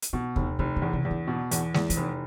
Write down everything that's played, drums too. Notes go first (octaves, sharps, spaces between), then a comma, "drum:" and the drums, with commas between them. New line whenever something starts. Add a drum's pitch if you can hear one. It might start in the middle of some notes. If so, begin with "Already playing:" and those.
drum: hi-hat
B2 E3
F1 D3, drum: kick D#2
F1 E3
E3
E2
C3
E2
D3
B2
E2, drum: hi-hat
E2, drum: snare G#3
F3, drum: hi-hat
F1 E3